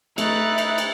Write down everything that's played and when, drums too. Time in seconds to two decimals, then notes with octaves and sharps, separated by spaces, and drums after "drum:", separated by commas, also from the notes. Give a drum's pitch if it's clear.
0.18 A3 D#4 B4 E5 F#6 A6, drum: cymbal
0.58 drum: cymbal
0.78 drum: cymbal